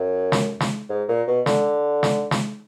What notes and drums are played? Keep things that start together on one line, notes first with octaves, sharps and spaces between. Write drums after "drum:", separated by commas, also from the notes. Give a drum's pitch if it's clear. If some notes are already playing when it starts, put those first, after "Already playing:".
Already playing: F#2
drum: snare
drum: snare
G#2
A#2
B2
D3, drum: snare
drum: snare
drum: snare